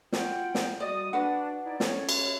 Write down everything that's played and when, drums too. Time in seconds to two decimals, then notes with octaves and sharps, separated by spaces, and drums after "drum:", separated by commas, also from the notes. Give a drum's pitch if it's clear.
0.12 F4 F#4 F#5 G5, drum: snare
0.55 drum: snare
0.80 G3 F#4 D5 D#5 D#6
1.13 D4 F#4 B4 F#5
1.65 D#4 E4 D5
1.80 C#4 A4 C#5, drum: snare
2.09 drum: cymbal